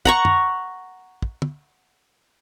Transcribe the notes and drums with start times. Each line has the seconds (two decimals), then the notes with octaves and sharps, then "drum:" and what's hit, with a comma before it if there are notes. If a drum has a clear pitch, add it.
0.05 F#5 A#5 C#6, drum: kick
0.25 drum: tom
1.22 drum: kick
1.42 drum: tom